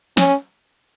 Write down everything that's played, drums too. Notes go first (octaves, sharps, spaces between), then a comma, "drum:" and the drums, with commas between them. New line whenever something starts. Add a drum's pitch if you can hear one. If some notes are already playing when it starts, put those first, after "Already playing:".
C#4, drum: snare